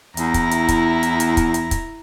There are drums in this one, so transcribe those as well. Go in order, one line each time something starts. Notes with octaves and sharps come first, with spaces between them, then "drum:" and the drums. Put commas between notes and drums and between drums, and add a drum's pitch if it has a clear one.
E2 E4 A#5, drum: hi-hat
drum: kick, hi-hat
drum: hi-hat
drum: kick, hi-hat
drum: hi-hat
drum: hi-hat
drum: kick, hi-hat
drum: hi-hat
drum: kick, hi-hat